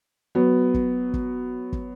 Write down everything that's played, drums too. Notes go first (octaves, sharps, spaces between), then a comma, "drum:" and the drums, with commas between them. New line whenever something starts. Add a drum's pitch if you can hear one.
F#3 B3
drum: kick
drum: kick
drum: kick